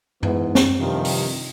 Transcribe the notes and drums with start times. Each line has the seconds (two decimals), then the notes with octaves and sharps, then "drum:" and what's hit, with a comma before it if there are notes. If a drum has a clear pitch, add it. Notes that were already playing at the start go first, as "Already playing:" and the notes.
0.23 G#2 E3 B3, drum: tom F#2
0.55 drum: snare
0.79 G2 C3 D#3 F3
1.05 drum: open hi-hat